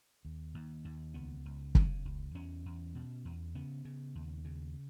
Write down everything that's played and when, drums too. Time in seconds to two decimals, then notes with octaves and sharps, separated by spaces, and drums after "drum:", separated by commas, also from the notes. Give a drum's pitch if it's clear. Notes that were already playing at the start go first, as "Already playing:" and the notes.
0.25 D#2
0.55 D#2
0.85 D#2
1.14 C#2 B3
1.45 C#2
1.75 C#3, drum: kick
2.05 C#2
2.34 E2 C#4
2.66 E2
2.95 B2
3.25 E2
3.55 C#3 B3
3.85 C#3
4.15 D#2
4.45 C#3